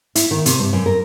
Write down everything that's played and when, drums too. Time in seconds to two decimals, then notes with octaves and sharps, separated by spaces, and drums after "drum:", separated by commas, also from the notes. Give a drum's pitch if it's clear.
0.15 E4, drum: hi-hat
0.31 D#3
0.46 C3, drum: hi-hat
0.59 G2
0.73 F#2
0.86 A#4